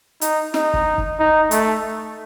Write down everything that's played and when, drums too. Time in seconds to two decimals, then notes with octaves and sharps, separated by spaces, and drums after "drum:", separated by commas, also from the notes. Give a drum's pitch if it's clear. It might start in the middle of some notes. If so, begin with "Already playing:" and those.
0.21 D#4, drum: hi-hat
0.54 D#4, drum: snare
0.74 drum: kick
0.98 drum: kick
1.19 D#4
1.51 A3, drum: hi-hat